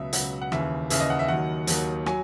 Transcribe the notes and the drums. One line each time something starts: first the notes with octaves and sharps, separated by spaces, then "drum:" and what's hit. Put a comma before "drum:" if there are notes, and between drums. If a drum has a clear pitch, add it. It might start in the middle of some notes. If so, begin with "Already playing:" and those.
Already playing: C#2 B2 F#3 E5
C#2 B2 F#3 F#5, drum: hi-hat
F#5
D#2 C#3 E3 E5, drum: rim click
D#2 C#3 E3 E5, drum: hi-hat
D#5
F#5
E5
D#2 D#3 F#3 F#5
D#2 D#3 F#3, drum: hi-hat
F#3 G#5, drum: rim click